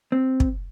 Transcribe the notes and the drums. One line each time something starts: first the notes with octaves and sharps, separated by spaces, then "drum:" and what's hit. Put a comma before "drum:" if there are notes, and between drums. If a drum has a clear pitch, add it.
C4
drum: kick